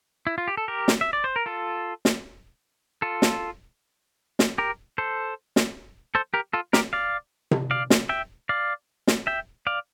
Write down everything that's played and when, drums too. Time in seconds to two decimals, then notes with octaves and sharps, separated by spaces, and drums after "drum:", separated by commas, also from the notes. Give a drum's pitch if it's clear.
0.27 E4
0.38 F4
0.48 G4
0.57 A4
0.68 G4 A#4
0.88 drum: snare
1.01 E5
1.13 D5
1.24 C5
1.36 A#4
1.46 F4 A4
2.05 drum: snare
3.02 F4 A4
3.22 drum: snare
4.39 drum: snare
4.58 G4 A#4
4.98 A4 C5
5.56 drum: snare
6.15 A4 C5
6.34 G4 A#4
6.53 F4 A4
6.73 G4 A#4, drum: snare
6.93 D5 F5
7.51 drum: tom C3
7.71 D5 F5
7.90 drum: snare
8.09 E5 G5
8.49 D5 F5
9.07 drum: snare
9.27 E5 G5
9.67 D5 F5